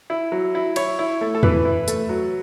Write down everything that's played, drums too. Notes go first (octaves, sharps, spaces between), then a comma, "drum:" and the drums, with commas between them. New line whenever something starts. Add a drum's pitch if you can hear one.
E4
F#3
E4
E4 C#5, drum: cymbal
E4
A3
A4
E3 B4, drum: tom E2
E4
A3, drum: hi-hat
F#3